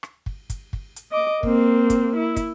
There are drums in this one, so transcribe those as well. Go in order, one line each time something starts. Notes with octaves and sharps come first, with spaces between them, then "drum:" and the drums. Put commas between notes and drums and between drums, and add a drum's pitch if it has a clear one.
drum: rim click
drum: kick
drum: kick, hi-hat
drum: kick
drum: hi-hat
D#5 D6
A#3 C4, drum: kick
drum: kick, hi-hat
E4
drum: kick, hi-hat